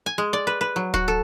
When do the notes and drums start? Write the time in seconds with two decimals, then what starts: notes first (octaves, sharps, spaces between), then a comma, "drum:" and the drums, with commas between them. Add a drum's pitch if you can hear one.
0.06 G#5
0.18 G#3
0.33 D5
0.47 B4
0.61 B4
0.76 F#3
0.94 F#4, drum: kick D1
1.08 A4